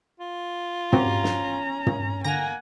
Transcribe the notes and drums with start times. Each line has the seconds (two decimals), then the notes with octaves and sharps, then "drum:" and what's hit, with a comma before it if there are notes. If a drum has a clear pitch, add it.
0.20 F4
0.93 C4 C#4 F#4 G4 A#5, drum: tom
1.24 drum: snare
1.87 drum: tom
2.24 D3 A#3 F#5 G#5 A#5 A#6